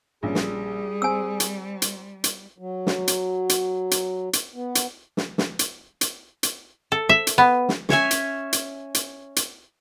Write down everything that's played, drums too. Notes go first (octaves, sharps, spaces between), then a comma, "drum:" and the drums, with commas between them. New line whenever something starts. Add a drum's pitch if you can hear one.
A#1 G3 C#4 G#4
drum: snare
C4 G#5 E6
drum: hi-hat
drum: hi-hat
drum: hi-hat
F#3
drum: snare
drum: hi-hat
drum: hi-hat
drum: hi-hat
drum: hi-hat
B3
drum: hi-hat
drum: snare
drum: snare
drum: hi-hat
drum: hi-hat
drum: hi-hat
A4
E5
drum: hi-hat
B3
drum: snare
C#4 C#5 E5 G#5, drum: snare
drum: hi-hat
drum: hi-hat
drum: hi-hat
drum: hi-hat